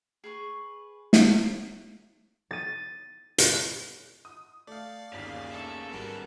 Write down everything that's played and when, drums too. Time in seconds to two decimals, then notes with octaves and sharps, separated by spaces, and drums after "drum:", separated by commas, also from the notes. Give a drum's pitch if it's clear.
0.24 G#4 B4 C#6
1.13 drum: snare
2.51 A6 D#7
3.38 drum: hi-hat
4.25 D#6
4.67 A3 D5 F5
5.12 G1 D#2 A#2 C#3 B6
5.48 A4 E5
5.93 G#1 C#3 G3 B3 F#4 A#4